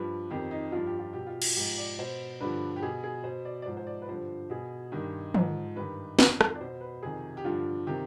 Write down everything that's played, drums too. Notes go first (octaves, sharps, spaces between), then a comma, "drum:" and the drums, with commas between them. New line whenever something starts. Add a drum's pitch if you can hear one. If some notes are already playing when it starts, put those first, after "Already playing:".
Already playing: G2 F3 B4
F2 D#3 G4
D#4
G2 F3 F4
G4
F4
B2 G4
F4
drum: cymbal
G#2 F3 G4
D5
B2 C5
G2 D3 F3 B4
G4
B2 G#4
G#4
B2 C5
D5
D5
G#2 F3 C5
C5
D5
B4
G2 D3 F3 C5
B2 G#4
G2 D#3
G#2 F3, drum: tom
G2 D#3 B4
F2 D#3, drum: snare
drum: rim click
D5
B2 C5
B4
F2 C3 D#3 G#4
G4
G2 D3 F3 F4
C3 D#3 G4